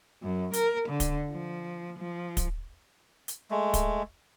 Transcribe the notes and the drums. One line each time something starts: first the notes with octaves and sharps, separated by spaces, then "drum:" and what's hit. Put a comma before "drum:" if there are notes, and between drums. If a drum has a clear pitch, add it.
F#2
A#4, drum: hi-hat
D3
drum: kick, hi-hat
F3
F3
drum: kick, hi-hat
drum: hi-hat
G#3 A3
drum: kick, hi-hat